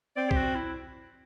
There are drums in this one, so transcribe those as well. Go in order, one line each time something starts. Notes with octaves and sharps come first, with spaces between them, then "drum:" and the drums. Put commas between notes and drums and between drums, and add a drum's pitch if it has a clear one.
C4 D5
G4, drum: kick B1
F#4
E4